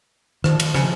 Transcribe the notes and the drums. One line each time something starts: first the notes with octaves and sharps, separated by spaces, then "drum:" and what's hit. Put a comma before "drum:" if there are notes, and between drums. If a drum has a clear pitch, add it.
D#3 F3, drum: rim click
drum: cymbal
C#3, drum: rim click